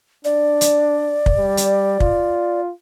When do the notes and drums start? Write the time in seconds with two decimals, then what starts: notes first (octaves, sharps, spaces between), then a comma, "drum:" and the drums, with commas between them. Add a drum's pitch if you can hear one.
0.25 D4 D5
0.61 drum: hi-hat
1.26 drum: kick
1.37 G3
1.57 drum: hi-hat
2.00 F4, drum: kick